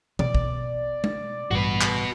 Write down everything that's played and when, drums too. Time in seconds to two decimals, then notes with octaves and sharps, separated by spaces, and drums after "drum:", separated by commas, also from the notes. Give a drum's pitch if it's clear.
0.19 B2 D5, drum: tom
0.35 drum: kick
1.04 drum: tom
1.51 A1 G2 F#4 B4
1.81 drum: clap